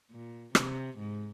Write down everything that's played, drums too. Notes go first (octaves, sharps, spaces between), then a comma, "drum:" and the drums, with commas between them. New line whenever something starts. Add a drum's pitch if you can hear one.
A#2
C3, drum: rim click
G#2